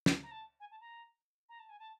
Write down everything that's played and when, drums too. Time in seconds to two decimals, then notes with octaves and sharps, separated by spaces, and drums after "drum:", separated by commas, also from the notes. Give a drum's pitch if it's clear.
0.06 drum: snare
0.23 A#5
0.31 A5
0.60 G#5
0.71 A5
0.81 A#5
1.49 A#5
1.59 A5
1.69 G#5
1.79 A5